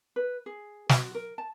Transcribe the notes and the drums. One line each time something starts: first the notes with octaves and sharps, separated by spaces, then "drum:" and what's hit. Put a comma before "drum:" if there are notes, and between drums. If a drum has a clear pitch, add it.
B4
G#4
F#4, drum: snare
A#4
A5